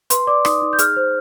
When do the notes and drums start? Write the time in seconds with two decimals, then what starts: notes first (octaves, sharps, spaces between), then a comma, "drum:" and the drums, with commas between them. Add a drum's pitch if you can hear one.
0.10 B4 C6, drum: hi-hat
0.27 D5 D6
0.45 D#4 D#6, drum: rim click
0.62 D#4
0.73 G6
0.79 G#4 F6, drum: hi-hat
0.96 C5